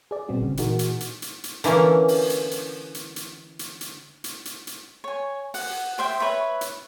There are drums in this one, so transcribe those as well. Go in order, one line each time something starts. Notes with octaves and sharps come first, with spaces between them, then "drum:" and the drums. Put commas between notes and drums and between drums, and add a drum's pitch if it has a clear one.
G#4 D5
A#2 G3 B3 C4 F#4
G1 C#3
A#2 E3 D#4 F#4 G#4 A#4, drum: hi-hat
drum: hi-hat
drum: hi-hat
drum: hi-hat
drum: hi-hat
D3 E3 A#3 C#4, drum: hi-hat
drum: open hi-hat
drum: hi-hat
drum: hi-hat
drum: hi-hat
drum: hi-hat
drum: hi-hat
drum: hi-hat
drum: hi-hat
drum: hi-hat
drum: hi-hat
C#5 G#5
F#5, drum: open hi-hat
G4 C5 E5 G5
B4 C#5 E5
drum: hi-hat